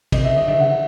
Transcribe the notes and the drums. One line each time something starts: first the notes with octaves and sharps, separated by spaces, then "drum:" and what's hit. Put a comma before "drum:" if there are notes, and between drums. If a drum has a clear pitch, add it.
C3 D#5, drum: kick, cymbal
C#3 E5
D3 D#5
D3 E5
C#3 F#5
D3